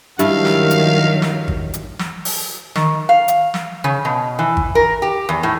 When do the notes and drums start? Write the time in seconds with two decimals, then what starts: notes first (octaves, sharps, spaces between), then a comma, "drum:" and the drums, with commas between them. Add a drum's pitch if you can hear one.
0.19 G2 D#3 F#3 A3 E4 F5, drum: hi-hat
0.45 drum: snare
0.71 drum: hi-hat
1.22 drum: snare
1.48 drum: kick G#1
1.74 drum: hi-hat
1.99 drum: snare
2.25 drum: open hi-hat
2.75 D#3, drum: snare
3.09 F5
3.28 drum: hi-hat
3.54 drum: snare
3.84 C#3
4.05 B2
4.39 E3
4.57 drum: kick G#1
4.75 A#4
5.02 G4
5.29 E2
5.43 A2